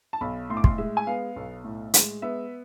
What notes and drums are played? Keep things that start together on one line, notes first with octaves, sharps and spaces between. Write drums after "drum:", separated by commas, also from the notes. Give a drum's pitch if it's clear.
A5
B1 B5
A2 C6
D6
C6, drum: kick
G#3 E5
G#5
B3 F5
B1
A2
G#3, drum: hi-hat
B3 E5